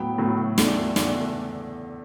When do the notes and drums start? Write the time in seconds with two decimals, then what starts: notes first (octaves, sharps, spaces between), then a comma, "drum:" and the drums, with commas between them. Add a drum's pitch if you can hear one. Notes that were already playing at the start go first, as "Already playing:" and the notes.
Already playing: A2 F#3 B3 G5
0.18 A2 F#3 B3
0.58 E2 D3 A3 D4, drum: snare
0.96 E2 D3 A3 D4, drum: snare